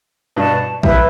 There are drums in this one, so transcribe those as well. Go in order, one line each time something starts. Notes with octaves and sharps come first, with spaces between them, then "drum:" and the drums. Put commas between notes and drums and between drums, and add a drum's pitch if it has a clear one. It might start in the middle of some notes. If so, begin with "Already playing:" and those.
G2 B2 B4 D5 A5 C#6
E3 G3 E4 B4 E5, drum: kick A1